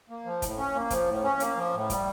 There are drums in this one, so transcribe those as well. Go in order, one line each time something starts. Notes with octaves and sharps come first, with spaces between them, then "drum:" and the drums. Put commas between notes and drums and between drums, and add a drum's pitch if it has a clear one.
A#3
F3
A2, drum: kick, hi-hat
C#4
A#3
F3, drum: kick, hi-hat
A2
C#4
A#3, drum: hi-hat
F3
A2
G3, drum: kick, hi-hat